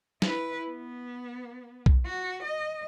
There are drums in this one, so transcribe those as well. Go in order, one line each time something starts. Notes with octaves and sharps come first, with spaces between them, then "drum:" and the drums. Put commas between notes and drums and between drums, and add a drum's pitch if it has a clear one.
E4 B4, drum: snare
B3
drum: kick
F#4
D#5